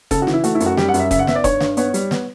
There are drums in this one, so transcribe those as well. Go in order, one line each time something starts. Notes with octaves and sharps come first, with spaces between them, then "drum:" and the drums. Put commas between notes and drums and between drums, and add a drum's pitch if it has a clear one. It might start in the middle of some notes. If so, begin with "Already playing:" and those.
C#3 A4, drum: kick F1, hi-hat
F#4
E3, drum: snare
E4
A3 F#4, drum: hi-hat
E4
F#2, drum: hi-hat
F#4
G3 G4, drum: snare
F#5
F#2, drum: hi-hat
E5
C#3 E5, drum: kick F1, hi-hat
F#5
B3 E5, drum: snare
D5
G2 C#5, drum: kick F1, hi-hat
G2, drum: snare
B3 C#5, drum: hi-hat
G3, drum: hi-hat
B3, drum: snare